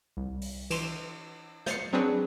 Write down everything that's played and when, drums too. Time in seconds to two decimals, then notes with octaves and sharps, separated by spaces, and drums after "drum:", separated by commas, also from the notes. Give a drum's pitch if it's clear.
0.17 C2
0.41 drum: open hi-hat
0.70 E3 C6, drum: cymbal
1.66 G6 A6 C7 C#7, drum: snare
1.93 F#3 C4 D4 G#4 B4